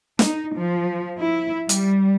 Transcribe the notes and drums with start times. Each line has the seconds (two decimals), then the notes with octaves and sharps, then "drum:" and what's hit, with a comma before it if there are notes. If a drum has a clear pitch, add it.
0.19 D#4, drum: snare
0.56 F3
1.20 E4
1.69 G3, drum: hi-hat